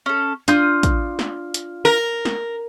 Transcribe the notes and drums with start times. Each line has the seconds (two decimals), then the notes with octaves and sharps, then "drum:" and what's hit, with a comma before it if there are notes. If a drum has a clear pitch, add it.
0.06 C#4 A4
0.48 D4 F4 D#6 G6, drum: hi-hat
0.83 drum: kick, hi-hat
1.19 drum: snare
1.54 drum: hi-hat
1.85 A#4
2.25 drum: snare